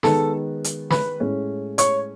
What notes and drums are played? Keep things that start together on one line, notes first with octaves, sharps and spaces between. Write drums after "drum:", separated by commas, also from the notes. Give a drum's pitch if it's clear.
D#3 G#3 B3 A4 A5, drum: snare
drum: hi-hat
B4 B5, drum: snare
A2 G#3 C#4
C#5 C#6, drum: hi-hat